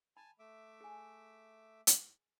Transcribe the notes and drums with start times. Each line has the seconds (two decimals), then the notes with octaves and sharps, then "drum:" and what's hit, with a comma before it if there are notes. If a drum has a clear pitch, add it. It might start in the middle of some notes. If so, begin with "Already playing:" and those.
0.17 G#5 A5 B5
0.39 A3 E5 D6
0.81 G#4 G#5
1.87 drum: hi-hat